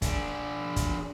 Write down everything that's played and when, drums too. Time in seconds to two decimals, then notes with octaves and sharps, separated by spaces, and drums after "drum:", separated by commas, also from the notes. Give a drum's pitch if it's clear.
0.02 D4 G#4, drum: kick, hi-hat
0.76 drum: kick, hi-hat